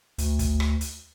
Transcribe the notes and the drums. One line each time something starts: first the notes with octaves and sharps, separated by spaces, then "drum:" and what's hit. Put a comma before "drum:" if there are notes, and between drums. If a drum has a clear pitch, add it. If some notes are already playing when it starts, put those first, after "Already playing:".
D2, drum: hi-hat
drum: kick, hi-hat
drum: rim click
drum: hi-hat